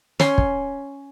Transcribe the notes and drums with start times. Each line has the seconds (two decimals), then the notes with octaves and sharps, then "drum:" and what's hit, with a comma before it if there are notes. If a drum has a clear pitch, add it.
0.20 C#4 C6, drum: snare
0.38 drum: kick